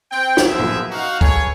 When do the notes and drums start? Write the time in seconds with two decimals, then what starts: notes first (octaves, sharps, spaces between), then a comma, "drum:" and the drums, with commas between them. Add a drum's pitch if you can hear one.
0.11 C4 G5
0.37 drum: snare
0.48 F#2 F3 B3 G#4 A#4 E5
0.60 drum: tom A2
0.91 D#4 F#4 F5
1.21 G#4 A4 B4 C#5, drum: kick